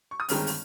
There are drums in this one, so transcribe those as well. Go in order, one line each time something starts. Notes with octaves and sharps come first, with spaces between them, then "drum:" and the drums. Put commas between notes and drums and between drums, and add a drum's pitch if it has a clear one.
C#6
D#6
G1 G2 D#3 G#3 C4 F6, drum: open hi-hat
drum: open hi-hat